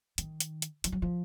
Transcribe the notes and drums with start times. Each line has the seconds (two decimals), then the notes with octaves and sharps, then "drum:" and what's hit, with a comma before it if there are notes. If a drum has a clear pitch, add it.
0.18 D#3, drum: hi-hat
0.40 drum: hi-hat
0.62 drum: hi-hat
0.84 F3, drum: hi-hat
0.92 F#3
1.02 F3